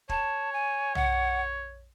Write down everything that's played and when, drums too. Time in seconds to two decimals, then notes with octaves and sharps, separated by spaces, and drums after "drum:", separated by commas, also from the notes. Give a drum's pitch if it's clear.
0.09 C#5 A5, drum: kick
0.53 G#5
0.95 F#5, drum: tom